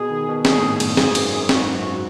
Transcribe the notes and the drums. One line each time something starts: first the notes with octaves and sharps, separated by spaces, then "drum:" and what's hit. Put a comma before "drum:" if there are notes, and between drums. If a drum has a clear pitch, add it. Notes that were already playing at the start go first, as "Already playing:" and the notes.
Already playing: B2 G#4
D#3
B2
B2 G#4, drum: snare
A2
G#2
F#2, drum: cymbal
G#2 G#4, drum: snare
F#2, drum: cymbal
F#2
G#2 F#4, drum: snare
F#2